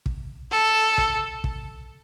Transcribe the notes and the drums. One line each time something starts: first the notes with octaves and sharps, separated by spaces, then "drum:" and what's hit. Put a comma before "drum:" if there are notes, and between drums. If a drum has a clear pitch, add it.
drum: kick
A4
drum: kick
drum: kick